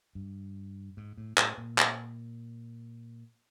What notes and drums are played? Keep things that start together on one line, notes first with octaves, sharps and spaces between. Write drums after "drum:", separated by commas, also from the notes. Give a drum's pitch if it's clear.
G2
G#2
A2
A2, drum: clap
A#2
drum: clap